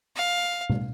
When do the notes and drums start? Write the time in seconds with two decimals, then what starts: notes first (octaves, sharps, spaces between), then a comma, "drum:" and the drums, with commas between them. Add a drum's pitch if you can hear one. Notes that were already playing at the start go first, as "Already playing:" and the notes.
0.16 F5
0.70 drum: tom B2